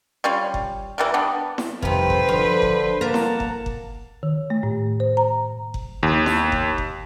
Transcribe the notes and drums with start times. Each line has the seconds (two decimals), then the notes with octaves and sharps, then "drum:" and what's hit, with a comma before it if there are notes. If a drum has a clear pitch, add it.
0.24 G3 C#4 F4
0.54 drum: kick F#1
0.98 E3 G3 A#4
1.14 G3 B3 D4
1.58 drum: snare E4
1.82 F2 C3 D#3 B4 C5, drum: kick F#1
2.10 drum: kick F#1
2.29 D3 F3
2.62 drum: kick F#1
3.01 A#3 A#4 F#5 A5 A#5
3.14 drum: snare E4
3.40 drum: kick F#1
3.66 drum: kick F#1
4.23 D#3
4.50 A3
4.63 A2
5.00 C5
5.17 A#5
5.74 drum: kick F#1
6.03 D#2
6.26 drum: snare E4
6.52 drum: kick F#1
6.78 drum: kick F#1